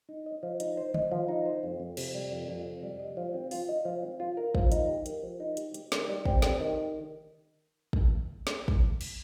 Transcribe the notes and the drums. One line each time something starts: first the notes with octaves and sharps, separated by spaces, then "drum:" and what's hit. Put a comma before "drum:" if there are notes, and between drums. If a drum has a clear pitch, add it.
D#4
D#5
F3
D#4, drum: hi-hat
C5
D#5, drum: tom
F3
D#4
C5
F2
F2
C3, drum: cymbal
G3
F2
F2
C3
G3
D#5
F3
C4
F4, drum: open hi-hat
D#5
F3
C4
F4
A#4
F3, drum: kick
D#4, drum: hi-hat
G4
A#4, drum: hi-hat
F3
D#4
G4, drum: hi-hat
G4, drum: hi-hat
D#3, drum: snare
G3
C4, drum: kick
G4, drum: snare
D#3
drum: kick
drum: snare
drum: kick
drum: cymbal